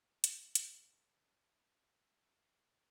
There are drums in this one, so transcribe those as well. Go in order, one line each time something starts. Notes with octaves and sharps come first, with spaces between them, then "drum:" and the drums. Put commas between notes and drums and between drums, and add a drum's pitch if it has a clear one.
E5 F5 A5 C#6, drum: hi-hat
drum: hi-hat